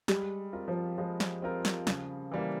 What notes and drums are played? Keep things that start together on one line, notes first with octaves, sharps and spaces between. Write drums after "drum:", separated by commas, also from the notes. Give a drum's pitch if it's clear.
G3 G#3, drum: snare
C4 F4 A#4
F3
F3 G#3
drum: snare
C4 F4 A#4
drum: snare
C#3, drum: snare
E3 G3 A#3